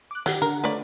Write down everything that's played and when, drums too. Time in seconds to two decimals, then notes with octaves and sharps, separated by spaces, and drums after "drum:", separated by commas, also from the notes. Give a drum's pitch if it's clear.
0.11 D6 F#6
0.26 D#3 F#3 G4, drum: hi-hat
0.42 D3 A#4 F#5
0.64 A3 D4 F4 B4 C#5 D5